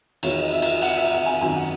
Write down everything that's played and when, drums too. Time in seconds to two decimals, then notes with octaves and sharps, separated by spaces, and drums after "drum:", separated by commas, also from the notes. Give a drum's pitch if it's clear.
0.23 E2 D#3 F#3 C#5, drum: cymbal
0.38 D#5
0.53 E5
0.62 drum: cymbal
0.82 F#5, drum: cymbal
0.97 E5
1.12 F#5
1.26 G#5
1.41 G#1 F#2 D#3 F#3 G#5
1.56 F#5